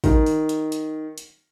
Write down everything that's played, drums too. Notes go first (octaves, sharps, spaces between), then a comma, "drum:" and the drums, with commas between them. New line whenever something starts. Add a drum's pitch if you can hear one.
D#3, drum: kick, open hi-hat
drum: open hi-hat
drum: hi-hat
drum: hi-hat
drum: hi-hat